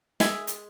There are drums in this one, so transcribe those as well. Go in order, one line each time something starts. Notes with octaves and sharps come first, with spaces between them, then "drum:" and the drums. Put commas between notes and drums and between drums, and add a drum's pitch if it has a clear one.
G#3 E5 G#5, drum: snare
drum: hi-hat